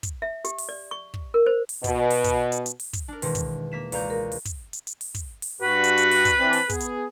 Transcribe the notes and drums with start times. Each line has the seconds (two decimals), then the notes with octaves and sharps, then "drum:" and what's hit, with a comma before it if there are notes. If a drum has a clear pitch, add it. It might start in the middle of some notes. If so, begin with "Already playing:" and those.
0.03 drum: kick, hi-hat
0.22 E5
0.45 G4, drum: hi-hat
0.58 drum: open hi-hat
0.69 D5
0.91 C#6
1.14 drum: kick
1.34 A#4
1.46 C5
1.69 drum: open hi-hat
1.84 B2, drum: kick, hi-hat
2.10 drum: open hi-hat
2.24 drum: kick, hi-hat
2.52 drum: hi-hat
2.66 drum: hi-hat
2.80 drum: open hi-hat
2.93 drum: kick, hi-hat
3.08 D4 A#4
3.22 E1 D#3 B4 C6, drum: open hi-hat
3.35 drum: kick, hi-hat
3.72 A#3 B6 E7
3.92 C#2 B4 D5 F5 A#5 G6, drum: open hi-hat
4.10 A#4
4.32 drum: open hi-hat
4.45 drum: kick, hi-hat
4.73 drum: hi-hat
4.87 drum: hi-hat
5.01 drum: open hi-hat
5.15 drum: kick, hi-hat
5.42 drum: open hi-hat
5.61 G2 F#4 B4
5.84 drum: hi-hat
5.97 drum: hi-hat
6.11 drum: open hi-hat
6.25 drum: kick, hi-hat
6.39 E3 C4 D4
6.53 drum: open hi-hat
6.70 B3 G#4, drum: kick, hi-hat
6.80 drum: hi-hat